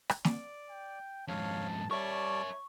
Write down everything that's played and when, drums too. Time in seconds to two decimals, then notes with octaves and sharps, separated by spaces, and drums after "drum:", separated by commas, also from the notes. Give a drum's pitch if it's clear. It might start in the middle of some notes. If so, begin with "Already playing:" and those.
0.09 drum: rim click
0.25 D5, drum: snare
0.70 G5
1.28 F2 G#2 C#5 F5 A5
1.91 G3 A#4 C#5 D5 E5 A5 C#6